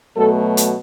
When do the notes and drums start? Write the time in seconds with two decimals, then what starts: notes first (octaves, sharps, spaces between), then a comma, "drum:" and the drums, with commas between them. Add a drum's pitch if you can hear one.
0.16 B2 F#3 A3 A4
0.57 drum: hi-hat